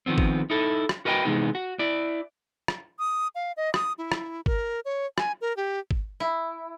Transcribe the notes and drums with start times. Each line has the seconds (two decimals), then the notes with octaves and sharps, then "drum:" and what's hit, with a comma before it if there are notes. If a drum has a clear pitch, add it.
0.06 D#3 F3 B3 C4
0.18 drum: kick G#1
0.50 D#4 E4 A4
0.89 drum: rim click
1.05 F#4 A#4 B4 D#5 E5 G5
1.25 C3 E3 G#3 B3 D#4
1.55 F#4
1.79 E4 D5
2.68 drum: rim click
2.99 D#6
3.35 F5
3.57 D#5
3.74 D#6, drum: rim click
3.98 E4
4.12 drum: rim click
4.46 A#4, drum: kick G#1
4.85 C#5
5.18 G#5, drum: rim click
5.41 A#4
5.57 G4
5.91 drum: kick G#1
6.20 E4